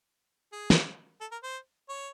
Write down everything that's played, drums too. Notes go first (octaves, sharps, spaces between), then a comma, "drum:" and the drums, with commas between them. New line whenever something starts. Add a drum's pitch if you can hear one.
G#4
drum: snare
A4
A#4
C5
C#5